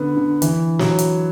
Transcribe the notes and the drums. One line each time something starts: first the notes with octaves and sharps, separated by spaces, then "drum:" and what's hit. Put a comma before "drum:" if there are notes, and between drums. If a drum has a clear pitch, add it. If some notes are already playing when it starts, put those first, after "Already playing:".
Already playing: D3 B3
D3
E3, drum: hi-hat
F#3, drum: snare
drum: hi-hat